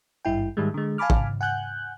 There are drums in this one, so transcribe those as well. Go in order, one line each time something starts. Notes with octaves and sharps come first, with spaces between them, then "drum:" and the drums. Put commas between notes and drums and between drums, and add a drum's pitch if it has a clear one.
G#1 G2 E4 G5
G#2 D#3 G3 G#3
D3 G#3
F5 G#5 A5 B5 D6 F6
drum: kick
F#5 G#5 F#6 G6